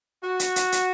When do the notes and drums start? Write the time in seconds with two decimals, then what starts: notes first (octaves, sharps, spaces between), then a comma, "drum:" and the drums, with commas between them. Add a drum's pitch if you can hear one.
0.23 F#4
0.39 drum: hi-hat
0.56 drum: hi-hat
0.72 drum: hi-hat